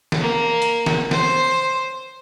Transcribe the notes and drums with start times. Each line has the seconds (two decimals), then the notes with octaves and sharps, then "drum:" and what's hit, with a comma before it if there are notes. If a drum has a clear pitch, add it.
0.12 drum: snare
0.21 A#3
0.62 drum: hi-hat
0.86 drum: snare
1.11 C5, drum: snare